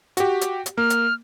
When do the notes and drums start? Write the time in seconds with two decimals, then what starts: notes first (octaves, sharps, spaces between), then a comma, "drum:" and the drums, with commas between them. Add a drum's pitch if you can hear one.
0.17 F#4 G4, drum: hi-hat
0.41 drum: hi-hat
0.66 drum: hi-hat
0.78 A#3 F6
0.90 drum: hi-hat